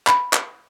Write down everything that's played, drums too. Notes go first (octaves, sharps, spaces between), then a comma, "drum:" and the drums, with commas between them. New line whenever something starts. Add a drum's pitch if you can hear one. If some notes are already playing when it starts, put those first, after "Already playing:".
B5, drum: clap
drum: clap